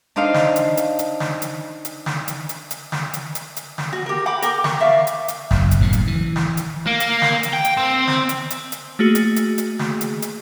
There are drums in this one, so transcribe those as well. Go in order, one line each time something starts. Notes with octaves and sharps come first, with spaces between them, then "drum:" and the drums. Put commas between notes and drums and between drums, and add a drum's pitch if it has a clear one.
D4 D#4 C5 F5
drum: snare
drum: hi-hat
drum: hi-hat
drum: hi-hat
drum: snare
drum: hi-hat
drum: hi-hat
drum: snare
drum: hi-hat
drum: hi-hat
drum: hi-hat
drum: snare
drum: hi-hat
drum: hi-hat
drum: hi-hat
drum: snare
F#4
G4 A#4
F#5 G5 B5 D6
A#4 G5 D6, drum: hi-hat
C#6, drum: snare
D5 E5 F5 C#6
drum: hi-hat
drum: hi-hat
F#1 E2, drum: snare
drum: hi-hat
F#1 A2 C#3
drum: hi-hat
E3
drum: snare
drum: hi-hat
A#3
drum: hi-hat
drum: snare
drum: hi-hat
G5
drum: hi-hat
C4
drum: snare
drum: hi-hat
drum: hi-hat
drum: hi-hat
A3 A#3 F#4 G#4
drum: hi-hat
drum: hi-hat
drum: hi-hat
drum: snare
drum: hi-hat
drum: hi-hat